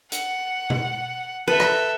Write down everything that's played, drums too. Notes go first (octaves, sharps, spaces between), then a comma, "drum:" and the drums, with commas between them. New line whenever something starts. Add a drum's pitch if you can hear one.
F#5, drum: hi-hat
drum: tom B2
A4 B4 E5
drum: rim click